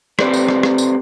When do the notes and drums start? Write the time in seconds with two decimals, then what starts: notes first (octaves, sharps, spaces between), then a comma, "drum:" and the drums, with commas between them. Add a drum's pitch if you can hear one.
0.19 C4 G4 A4 B4 C5 D5, drum: rim click
0.34 drum: tambourine
0.48 drum: rim click
0.63 drum: rim click
0.78 drum: tambourine